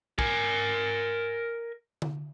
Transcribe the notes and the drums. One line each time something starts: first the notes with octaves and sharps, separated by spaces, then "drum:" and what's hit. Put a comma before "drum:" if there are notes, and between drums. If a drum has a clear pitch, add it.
A#4 G#5, drum: kick
drum: tom D3